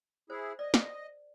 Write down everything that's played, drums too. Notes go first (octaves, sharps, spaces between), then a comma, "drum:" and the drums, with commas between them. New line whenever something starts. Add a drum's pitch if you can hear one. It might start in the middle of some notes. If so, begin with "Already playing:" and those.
E4 G#4 C5
D5 D#5
drum: snare